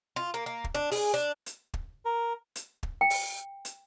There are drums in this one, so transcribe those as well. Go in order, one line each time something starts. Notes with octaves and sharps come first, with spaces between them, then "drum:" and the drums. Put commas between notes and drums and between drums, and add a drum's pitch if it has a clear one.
F4
A#3
A#3
drum: kick
D4
G#4, drum: open hi-hat
D4
drum: hi-hat
drum: kick
A#4
drum: hi-hat
drum: kick
G5
drum: open hi-hat
drum: hi-hat